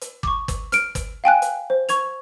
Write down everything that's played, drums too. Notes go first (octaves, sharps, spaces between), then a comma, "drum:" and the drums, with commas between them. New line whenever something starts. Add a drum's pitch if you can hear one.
drum: hi-hat
C#6 D6, drum: kick G1
drum: kick G1, hi-hat
F6 D7, drum: hi-hat
drum: kick G1, hi-hat
F5 G5 G#5 F#6
drum: hi-hat
C5
C#6 G#6 F7, drum: hi-hat